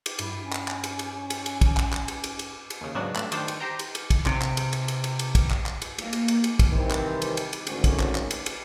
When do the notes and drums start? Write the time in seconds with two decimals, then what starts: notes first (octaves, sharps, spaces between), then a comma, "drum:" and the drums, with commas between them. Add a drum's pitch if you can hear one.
0.06 drum: cymbal
0.19 G2 F#3 E4 B5, drum: cymbal
0.42 C#4
0.53 drum: clap
0.68 drum: clap
0.84 drum: cymbal
0.99 drum: cymbal
1.30 drum: cymbal
1.46 drum: cymbal
1.61 drum: kick, cymbal
1.77 drum: clap
1.93 drum: clap
2.08 drum: cymbal
2.24 drum: cymbal
2.39 drum: cymbal
2.70 drum: cymbal
2.81 D#2 C#3
2.94 G#2 C#3 F#3 B3 D4 F#4
3.16 G2 A3 D4 F#6, drum: clap
3.32 D#3 D4 C5 G5 A5, drum: cymbal
3.48 drum: cymbal
3.60 G4 C5 G5 A#5
3.79 drum: cymbal
3.95 drum: cymbal
4.10 drum: kick, cymbal
4.26 C3, drum: clap
4.42 drum: clap
4.57 drum: cymbal
4.73 drum: cymbal
4.88 drum: cymbal
5.04 drum: cymbal
5.19 drum: cymbal
5.35 drum: kick, cymbal
5.51 drum: clap
5.66 drum: clap
5.82 drum: cymbal
5.98 A#3, drum: cymbal
6.13 drum: cymbal
6.28 drum: cymbal
6.44 drum: cymbal
6.59 drum: kick, cymbal
6.71 C3 D#3 E3 G3 C4
6.91 drum: clap
7.22 drum: cymbal
7.37 drum: cymbal
7.53 drum: cymbal
7.67 G#1 D2 D3 C4 C#4, drum: cymbal
7.84 drum: kick, cymbal
8.00 drum: clap
8.15 drum: clap
8.31 drum: cymbal
8.46 drum: cymbal